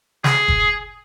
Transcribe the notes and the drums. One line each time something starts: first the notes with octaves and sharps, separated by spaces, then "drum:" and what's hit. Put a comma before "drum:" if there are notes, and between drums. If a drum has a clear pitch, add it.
G#4, drum: snare
drum: kick F#1